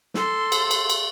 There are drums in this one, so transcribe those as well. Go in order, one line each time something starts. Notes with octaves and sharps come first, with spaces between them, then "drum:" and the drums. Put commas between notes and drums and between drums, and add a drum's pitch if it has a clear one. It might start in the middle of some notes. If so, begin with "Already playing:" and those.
A4 C6, drum: snare
drum: cymbal
drum: cymbal
drum: cymbal